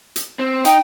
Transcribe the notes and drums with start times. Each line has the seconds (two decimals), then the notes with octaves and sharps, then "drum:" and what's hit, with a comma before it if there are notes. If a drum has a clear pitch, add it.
0.16 drum: hi-hat
0.39 C4
0.65 D#4 G5, drum: hi-hat